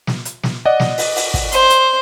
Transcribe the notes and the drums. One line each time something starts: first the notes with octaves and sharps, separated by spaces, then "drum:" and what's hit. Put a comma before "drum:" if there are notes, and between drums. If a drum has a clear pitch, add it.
drum: snare
drum: hi-hat
drum: snare
D5 D#5 F#5
drum: snare
drum: open hi-hat
drum: open hi-hat
drum: kick, open hi-hat
C5, drum: hi-hat
drum: hi-hat